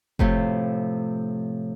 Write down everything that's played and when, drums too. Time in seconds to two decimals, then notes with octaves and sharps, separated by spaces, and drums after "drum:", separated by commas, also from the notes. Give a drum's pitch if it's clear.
0.19 A2 C3 F3, drum: kick F#1